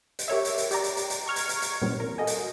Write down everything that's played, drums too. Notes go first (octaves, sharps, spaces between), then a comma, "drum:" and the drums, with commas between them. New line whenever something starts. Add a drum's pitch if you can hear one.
drum: hi-hat
G4 A#4 C#5 E5
drum: hi-hat
drum: hi-hat
G4 D5 A#5, drum: hi-hat
drum: hi-hat
drum: hi-hat
drum: hi-hat
A#5 C#6 F6 G#6
drum: hi-hat
drum: hi-hat
drum: hi-hat
A#2 E3 G3 C4 C#4
A#4
F#4 A4 D#5 G#5
drum: hi-hat